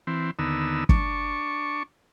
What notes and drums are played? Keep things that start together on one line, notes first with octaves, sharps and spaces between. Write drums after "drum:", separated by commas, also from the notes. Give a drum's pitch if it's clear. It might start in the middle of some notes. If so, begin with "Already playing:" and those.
E3 C4
D#2 D3 B3 D#4 E6
D4 C#6, drum: kick G1